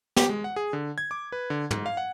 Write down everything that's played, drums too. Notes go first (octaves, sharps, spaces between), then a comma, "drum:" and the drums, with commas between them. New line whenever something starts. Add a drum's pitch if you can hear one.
G4, drum: snare
G#3
F#5
G#4
D3
G#6
D6
B4
D3
G#2, drum: tom
F5
F#5